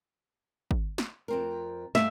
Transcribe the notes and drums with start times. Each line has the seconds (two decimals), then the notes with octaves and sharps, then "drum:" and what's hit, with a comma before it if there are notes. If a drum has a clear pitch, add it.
0.71 drum: kick G#1
0.98 drum: snare
1.28 F2 C4 A#4
1.95 G2 A3 E5 F5, drum: snare